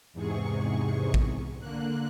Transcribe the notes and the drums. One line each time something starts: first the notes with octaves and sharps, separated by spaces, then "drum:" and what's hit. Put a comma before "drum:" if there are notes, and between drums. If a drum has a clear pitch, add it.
E2 G#2 C3 G#4 C#6
drum: kick A1
D3 A#3 F#6